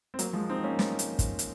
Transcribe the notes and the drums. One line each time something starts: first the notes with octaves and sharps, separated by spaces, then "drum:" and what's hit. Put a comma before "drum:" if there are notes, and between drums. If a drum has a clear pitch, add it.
C4
F#3 A#3, drum: hi-hat
F3 G#3
C4 D#4
A#3 C#4
drum: snare
drum: hi-hat
drum: kick, hi-hat
drum: hi-hat